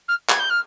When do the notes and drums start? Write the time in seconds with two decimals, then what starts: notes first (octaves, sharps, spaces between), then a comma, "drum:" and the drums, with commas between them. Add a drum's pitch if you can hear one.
0.08 F6
0.29 G#6, drum: clap
0.39 G6
0.50 F6